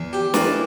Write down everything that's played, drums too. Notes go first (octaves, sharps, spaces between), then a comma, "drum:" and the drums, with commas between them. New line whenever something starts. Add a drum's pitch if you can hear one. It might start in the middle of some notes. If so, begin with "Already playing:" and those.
Already playing: E2
G4
E3 A#3 D5, drum: snare